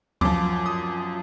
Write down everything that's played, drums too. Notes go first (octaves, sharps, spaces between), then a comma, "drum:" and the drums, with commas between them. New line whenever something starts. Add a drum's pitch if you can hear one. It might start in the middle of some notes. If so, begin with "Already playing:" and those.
F#2 F3 D6, drum: kick D2
D#6